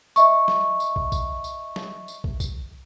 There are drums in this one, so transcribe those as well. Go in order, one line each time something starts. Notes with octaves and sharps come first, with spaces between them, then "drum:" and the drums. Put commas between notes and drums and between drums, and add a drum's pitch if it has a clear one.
D#5 E5 C#6, drum: tambourine
drum: snare
drum: tambourine
drum: kick
drum: kick, tambourine
drum: tambourine
drum: snare
drum: tambourine
drum: kick
drum: kick, tambourine